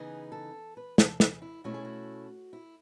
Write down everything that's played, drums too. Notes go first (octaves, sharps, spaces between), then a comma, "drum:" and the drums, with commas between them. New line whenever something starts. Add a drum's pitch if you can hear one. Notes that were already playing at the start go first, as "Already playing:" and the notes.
Already playing: C#3 E3 B3 D#4 G#4
A4
B4
A4, drum: snare
G#4, drum: snare
E4
B2 A3 C#4 E4 F#4
G#4
F#4
E4